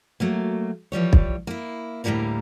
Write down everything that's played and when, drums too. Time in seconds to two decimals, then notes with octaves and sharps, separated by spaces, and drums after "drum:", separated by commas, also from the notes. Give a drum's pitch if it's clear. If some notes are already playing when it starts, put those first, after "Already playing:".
0.20 F#3 A3 A#3
0.92 E3 F3 G3 C#5
1.13 drum: kick
1.47 A#3 E4
2.04 D2 A2 C3 G3 A#3 A#4